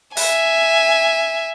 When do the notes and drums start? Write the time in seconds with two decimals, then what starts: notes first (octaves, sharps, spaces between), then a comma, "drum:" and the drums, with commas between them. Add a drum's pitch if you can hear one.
0.17 E5 G#5, drum: open hi-hat